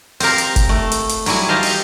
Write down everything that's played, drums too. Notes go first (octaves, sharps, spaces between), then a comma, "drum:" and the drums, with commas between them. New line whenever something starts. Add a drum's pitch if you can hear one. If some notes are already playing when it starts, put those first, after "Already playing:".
C4 F4 G4 A#4 C5, drum: open hi-hat
drum: hi-hat
drum: kick F#1, hi-hat
A3
drum: hi-hat
drum: hi-hat
F#3 G3 E4 G#5, drum: open hi-hat
G4 C5 D#5 F5 A5
drum: open hi-hat